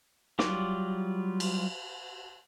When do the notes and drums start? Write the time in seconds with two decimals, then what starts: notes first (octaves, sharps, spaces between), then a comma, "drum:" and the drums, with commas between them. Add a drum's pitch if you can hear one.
0.39 F#3 G3 F4 D6, drum: snare
1.40 drum: cymbal